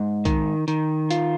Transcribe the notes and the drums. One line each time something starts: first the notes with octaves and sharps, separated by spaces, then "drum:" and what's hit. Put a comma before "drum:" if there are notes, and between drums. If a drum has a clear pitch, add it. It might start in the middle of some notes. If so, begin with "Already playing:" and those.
Already playing: G#2
D#3, drum: kick, hi-hat
D#3, drum: hi-hat
F4, drum: hi-hat